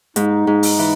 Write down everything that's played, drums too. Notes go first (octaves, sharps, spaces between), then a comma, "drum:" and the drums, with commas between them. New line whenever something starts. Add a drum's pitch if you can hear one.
G#2 D#4, drum: hi-hat
G#2
drum: open hi-hat
E3